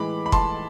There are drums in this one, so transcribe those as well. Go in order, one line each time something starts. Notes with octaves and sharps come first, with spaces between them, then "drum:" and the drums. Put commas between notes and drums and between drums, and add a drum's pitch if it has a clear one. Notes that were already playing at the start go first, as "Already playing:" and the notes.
Already playing: A2 E3 G#3 B5 D6
B5
A5 C6, drum: kick